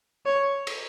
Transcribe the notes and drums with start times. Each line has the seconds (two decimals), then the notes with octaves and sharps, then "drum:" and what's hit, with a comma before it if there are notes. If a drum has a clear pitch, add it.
0.26 C#5
0.67 drum: cymbal